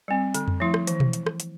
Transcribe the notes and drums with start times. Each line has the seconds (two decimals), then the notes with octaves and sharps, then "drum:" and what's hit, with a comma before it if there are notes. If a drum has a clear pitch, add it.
0.08 G3 C4
0.34 D3, drum: hi-hat
0.48 drum: tom F2
0.60 F3 A3 E4
0.74 drum: rim click
0.87 E3, drum: hi-hat
1.00 drum: tom B2
1.13 drum: hi-hat
1.27 drum: rim click
1.40 drum: hi-hat